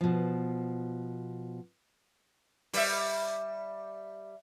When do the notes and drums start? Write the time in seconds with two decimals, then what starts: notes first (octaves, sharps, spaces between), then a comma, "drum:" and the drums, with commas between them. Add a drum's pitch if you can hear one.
0.01 B2 F3
2.73 G3 E5, drum: open hi-hat